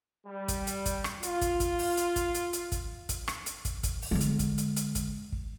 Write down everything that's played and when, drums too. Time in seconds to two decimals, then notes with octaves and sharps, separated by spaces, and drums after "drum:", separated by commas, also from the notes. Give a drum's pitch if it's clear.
0.27 G3
0.48 drum: kick, hi-hat
0.67 drum: hi-hat
0.86 drum: kick, hi-hat
1.04 drum: rim click
1.23 F4, drum: hi-hat
1.41 drum: kick, hi-hat
1.60 drum: kick, hi-hat
1.79 drum: open hi-hat
1.97 drum: hi-hat
2.16 drum: kick, hi-hat
2.35 drum: hi-hat
2.53 drum: hi-hat
2.72 drum: kick, hi-hat
3.09 drum: kick, hi-hat
3.28 drum: rim click
3.46 drum: hi-hat
3.65 drum: kick, hi-hat
3.83 drum: kick, hi-hat
4.02 drum: open hi-hat
4.11 D3 G#3
4.21 drum: hi-hat
4.39 drum: kick, hi-hat
4.58 drum: hi-hat
4.77 drum: hi-hat
4.95 drum: kick, hi-hat
5.32 drum: kick